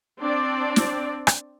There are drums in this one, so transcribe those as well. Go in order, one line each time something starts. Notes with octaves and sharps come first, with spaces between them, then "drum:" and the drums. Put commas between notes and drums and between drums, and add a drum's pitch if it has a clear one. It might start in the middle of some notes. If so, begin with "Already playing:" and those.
C4 D4 D5
drum: snare
drum: rim click